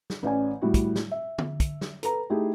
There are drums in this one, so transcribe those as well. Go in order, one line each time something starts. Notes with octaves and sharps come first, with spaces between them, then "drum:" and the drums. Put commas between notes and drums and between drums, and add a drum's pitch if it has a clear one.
drum: snare
A1 C#4 D5 G#5
A2 G3 E4 F#4
drum: kick, hi-hat
drum: snare
E5
drum: tom D3
drum: kick, hi-hat
drum: snare
A4 B4 A#5, drum: hi-hat
A3 D#4 E4 G4 G#4